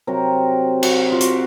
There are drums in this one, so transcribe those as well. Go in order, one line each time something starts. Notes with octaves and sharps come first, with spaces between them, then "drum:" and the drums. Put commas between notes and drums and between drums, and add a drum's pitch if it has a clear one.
C3 F#3 C4 A#4
F#4, drum: cymbal
F4
F#4, drum: hi-hat